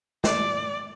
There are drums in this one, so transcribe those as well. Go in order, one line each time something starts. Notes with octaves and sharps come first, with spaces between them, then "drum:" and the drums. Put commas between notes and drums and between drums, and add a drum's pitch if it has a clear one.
D5, drum: snare